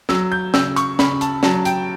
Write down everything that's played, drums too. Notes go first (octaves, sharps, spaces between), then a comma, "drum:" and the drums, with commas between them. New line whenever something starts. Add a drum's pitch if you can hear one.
F#3 E6, drum: snare
G6
C#3 E6, drum: snare
C#6, drum: hi-hat
C#3 B5, drum: snare
A5, drum: hi-hat
F#3 A5, drum: snare
G5, drum: hi-hat